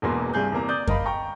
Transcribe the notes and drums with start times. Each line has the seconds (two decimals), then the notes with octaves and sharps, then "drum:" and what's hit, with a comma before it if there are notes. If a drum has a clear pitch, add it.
0.02 E1 E2 B2 A#3 B3 C6
0.34 C2 G2 C3 G#4 G6
0.52 E2 C3 A#3 A#5
0.69 D5 D#6 G6
0.87 A#4 D#5 F5 B5, drum: kick F#2
1.06 G5 A#5 C#6